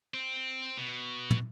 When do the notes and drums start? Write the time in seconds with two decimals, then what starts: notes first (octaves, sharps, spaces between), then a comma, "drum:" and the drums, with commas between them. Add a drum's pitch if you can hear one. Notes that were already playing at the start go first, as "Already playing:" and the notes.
0.14 C4
0.78 B2
1.30 drum: tom